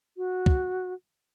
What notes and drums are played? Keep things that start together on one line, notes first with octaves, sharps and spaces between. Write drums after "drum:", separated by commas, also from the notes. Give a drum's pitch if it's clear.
F#4
drum: kick